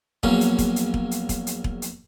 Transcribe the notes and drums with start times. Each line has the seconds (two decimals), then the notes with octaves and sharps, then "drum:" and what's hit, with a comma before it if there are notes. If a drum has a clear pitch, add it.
0.23 A#1 E2 F#3 A#3 C#4, drum: kick E1
0.41 drum: hi-hat
0.58 drum: kick E1, hi-hat
0.76 drum: hi-hat
0.94 drum: kick E1
1.11 drum: hi-hat
1.29 drum: kick E1, hi-hat
1.47 drum: hi-hat
1.64 drum: kick E1
1.82 drum: hi-hat